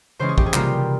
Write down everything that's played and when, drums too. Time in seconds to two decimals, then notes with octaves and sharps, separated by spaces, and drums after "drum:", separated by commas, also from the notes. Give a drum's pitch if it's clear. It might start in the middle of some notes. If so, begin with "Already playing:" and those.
0.19 C#3 E3 G#3 C#4 C5
0.29 G#4
0.38 G4, drum: kick A1
0.46 G#4
0.54 C3 G3 A#3 F4 G4, drum: clap